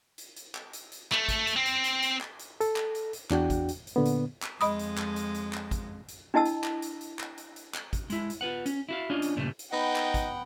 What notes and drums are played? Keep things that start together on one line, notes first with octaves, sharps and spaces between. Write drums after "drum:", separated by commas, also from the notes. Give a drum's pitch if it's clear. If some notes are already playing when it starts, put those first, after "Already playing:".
drum: hi-hat
drum: hi-hat
drum: clap
drum: hi-hat
drum: hi-hat
A3, drum: clap
drum: kick, hi-hat
drum: hi-hat
C4
drum: hi-hat
drum: hi-hat
drum: hi-hat
drum: clap
drum: hi-hat
A4, drum: hi-hat
drum: clap
drum: hi-hat
drum: hi-hat
E2 D4 F#4 G5, drum: clap
drum: kick, hi-hat
drum: hi-hat
drum: hi-hat
A#2 D3 B3
drum: hi-hat
drum: clap
F2 G#3 D#5 B5 D#6, drum: hi-hat
drum: hi-hat
drum: clap
drum: hi-hat
drum: hi-hat
drum: clap
drum: kick, hi-hat
drum: hi-hat
D4 E4 D#5 A5 E6
drum: hi-hat
drum: clap
drum: hi-hat
drum: hi-hat
drum: clap
drum: hi-hat
drum: hi-hat
drum: clap
drum: kick, hi-hat
G#3 E4, drum: hi-hat
drum: hi-hat
F4 B4 F#5
C#4, drum: hi-hat
E4 F#4 F5
C#4 D4 F4 C#5 D#5
drum: hi-hat
G2 A#2 C#3 G3 A3
drum: hi-hat
B3 D#4 F#5 G5
drum: clap
drum: kick, hi-hat